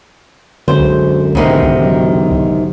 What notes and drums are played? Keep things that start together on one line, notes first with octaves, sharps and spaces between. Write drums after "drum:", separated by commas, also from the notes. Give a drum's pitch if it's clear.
F#2 D3 G#3 C4 C5
drum: kick C2
E1 G#2 C3 D#3, drum: kick C2
drum: kick C2
F#3 C#4 D#5
drum: kick C2